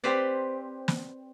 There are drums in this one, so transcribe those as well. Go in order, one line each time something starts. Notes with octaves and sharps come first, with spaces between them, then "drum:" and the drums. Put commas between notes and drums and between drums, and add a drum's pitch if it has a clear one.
C4 G4 B4 C5 D5
drum: snare